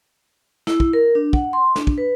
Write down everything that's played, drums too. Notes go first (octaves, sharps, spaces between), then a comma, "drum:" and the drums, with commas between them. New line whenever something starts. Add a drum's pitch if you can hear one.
E4, drum: snare
drum: kick
A#4
D4
F#5, drum: kick
C6
D4, drum: snare
drum: kick
B4